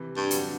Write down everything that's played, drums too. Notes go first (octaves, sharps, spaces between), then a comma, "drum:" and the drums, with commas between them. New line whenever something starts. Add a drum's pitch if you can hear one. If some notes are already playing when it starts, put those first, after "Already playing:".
Already playing: C3 E3
G2
D3 F#3, drum: hi-hat